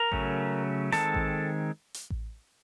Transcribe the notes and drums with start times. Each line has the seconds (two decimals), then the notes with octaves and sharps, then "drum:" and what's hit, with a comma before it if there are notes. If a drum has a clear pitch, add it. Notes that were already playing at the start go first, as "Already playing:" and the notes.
Already playing: A#4 A#5
0.12 C#3 F#3 A3 C#4, drum: kick A1
0.92 D#3 G#3 C4 A4 A5, drum: snare
1.14 drum: kick A1
1.94 drum: hi-hat
2.10 drum: kick A1